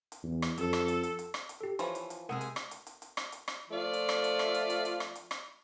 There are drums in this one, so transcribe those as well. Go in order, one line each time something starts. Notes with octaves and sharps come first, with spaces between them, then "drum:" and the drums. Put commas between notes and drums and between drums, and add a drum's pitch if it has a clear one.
drum: hi-hat
E2
drum: rim click
F2 A4, drum: hi-hat
drum: rim click
drum: hi-hat
drum: hi-hat
drum: hi-hat
drum: rim click
drum: hi-hat
G4 A4
E3 F3 E4 C#5 B5, drum: hi-hat
drum: hi-hat
drum: hi-hat
C3 G#3 G#4 A#4 F#5 D#6 E6 D#7
drum: hi-hat
drum: rim click
drum: hi-hat
drum: hi-hat
drum: hi-hat
drum: rim click
drum: hi-hat
drum: rim click
F3 A3 F4 D5
drum: hi-hat
drum: rim click
drum: hi-hat
drum: rim click
drum: hi-hat
drum: hi-hat
drum: hi-hat
drum: rim click
drum: hi-hat
drum: rim click